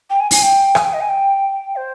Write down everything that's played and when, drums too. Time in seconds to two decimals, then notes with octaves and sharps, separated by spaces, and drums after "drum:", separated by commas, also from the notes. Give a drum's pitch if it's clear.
0.09 G5
0.19 G#5
0.31 G#5, drum: open hi-hat
0.42 G5
0.75 G#5, drum: rim click
0.83 G5
0.93 D#5
1.00 G#5
1.08 G5
1.75 C5